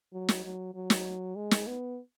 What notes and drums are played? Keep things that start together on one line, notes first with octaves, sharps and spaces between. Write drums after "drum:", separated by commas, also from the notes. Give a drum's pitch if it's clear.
F#3
drum: snare
F#3
F#3
drum: snare
G#3
drum: snare
B3